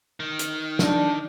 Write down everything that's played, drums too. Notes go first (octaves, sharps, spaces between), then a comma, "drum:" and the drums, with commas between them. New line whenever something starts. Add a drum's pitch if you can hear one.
D#3
drum: hi-hat
D4, drum: snare